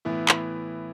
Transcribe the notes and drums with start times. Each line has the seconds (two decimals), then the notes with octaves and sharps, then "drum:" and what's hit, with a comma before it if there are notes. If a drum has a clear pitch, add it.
0.05 A2 E3 B3 E4
0.29 drum: clap